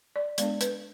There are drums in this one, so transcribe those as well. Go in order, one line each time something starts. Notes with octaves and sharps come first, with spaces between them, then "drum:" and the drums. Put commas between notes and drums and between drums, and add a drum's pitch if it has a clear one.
D5
G#3 B3 D4 D5, drum: hi-hat
B4, drum: hi-hat